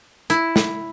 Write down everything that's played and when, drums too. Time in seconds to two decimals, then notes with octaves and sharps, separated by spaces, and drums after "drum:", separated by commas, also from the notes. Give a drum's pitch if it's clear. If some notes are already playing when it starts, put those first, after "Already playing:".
0.30 E4, drum: hi-hat
0.56 drum: snare